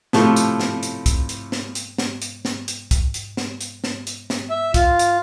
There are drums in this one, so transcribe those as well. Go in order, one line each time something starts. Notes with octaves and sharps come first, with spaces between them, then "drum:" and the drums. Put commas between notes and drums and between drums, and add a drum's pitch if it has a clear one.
A2 C3 F3 G4 A4 C#6, drum: snare
drum: hi-hat
drum: snare
drum: hi-hat
drum: kick C2, hi-hat
drum: hi-hat
drum: snare
drum: hi-hat
drum: snare
drum: hi-hat
drum: snare
drum: hi-hat
drum: kick C2, hi-hat
drum: hi-hat
drum: snare
drum: hi-hat
drum: snare
drum: hi-hat
drum: snare
E5
F4, drum: kick C2, hi-hat
drum: hi-hat